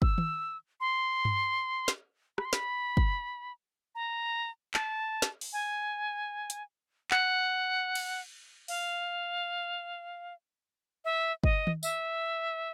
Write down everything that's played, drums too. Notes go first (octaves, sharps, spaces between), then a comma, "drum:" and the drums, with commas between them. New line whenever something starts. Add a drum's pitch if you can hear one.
E6, drum: kick
drum: tom D#3
C6
drum: tom G2
drum: snare
B5, drum: rim click
C6
B5, drum: snare
drum: kick
A#5
A5, drum: clap
drum: snare
drum: open hi-hat
G#5
drum: hi-hat
F#5, drum: clap
drum: cymbal
F5, drum: open hi-hat
E5
D#5, drum: kick
drum: tom D#3
E5, drum: tambourine